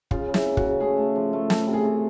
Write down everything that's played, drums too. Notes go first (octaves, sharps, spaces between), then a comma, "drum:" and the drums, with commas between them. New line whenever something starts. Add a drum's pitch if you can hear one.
C#3 F4, drum: kick
C#3
E4, drum: snare
A#3
F#4, drum: kick
C#3
A3 G#4
A3
F3
A3
E3 A4, drum: snare
C3
G#4
C3